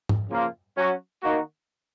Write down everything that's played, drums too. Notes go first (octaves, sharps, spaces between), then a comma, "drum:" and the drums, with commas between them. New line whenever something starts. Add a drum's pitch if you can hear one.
drum: tom G#2
C#3 F3 A#3 F4
F#3 C#4 F#4
D#3 A#3 D#4 F#4